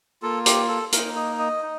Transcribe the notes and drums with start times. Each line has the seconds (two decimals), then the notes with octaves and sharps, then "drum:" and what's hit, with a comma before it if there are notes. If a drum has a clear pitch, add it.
0.22 A#3 F4 A4
0.46 G4, drum: hi-hat
0.69 A4
0.92 A#3 D#4 A#4, drum: hi-hat
1.16 D#5
1.39 D#5
1.63 D#4